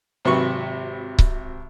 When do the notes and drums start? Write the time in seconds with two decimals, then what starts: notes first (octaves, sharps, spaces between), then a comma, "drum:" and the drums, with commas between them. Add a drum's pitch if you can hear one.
0.25 G#1 C3 F#3 B4 C#6
1.19 drum: kick C#1